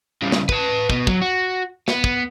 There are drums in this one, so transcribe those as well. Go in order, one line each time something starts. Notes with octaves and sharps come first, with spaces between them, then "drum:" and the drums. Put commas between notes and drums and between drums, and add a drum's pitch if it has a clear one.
C#3 G3
drum: snare
B4 A5, drum: kick
B2 B3, drum: kick
F#3, drum: kick
F#4
B3, drum: snare
drum: kick